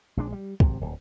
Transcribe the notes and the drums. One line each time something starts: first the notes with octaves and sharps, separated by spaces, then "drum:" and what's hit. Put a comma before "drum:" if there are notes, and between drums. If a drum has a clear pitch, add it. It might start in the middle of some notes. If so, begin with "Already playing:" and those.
A#1 G#3 D4
G3
G#1 C3, drum: kick
D1